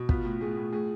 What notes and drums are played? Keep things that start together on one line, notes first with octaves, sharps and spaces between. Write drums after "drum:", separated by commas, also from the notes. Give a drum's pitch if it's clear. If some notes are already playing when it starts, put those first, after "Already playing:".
Already playing: B2
B3 F4, drum: kick
A2
A2 G#4
A2
A2 G#4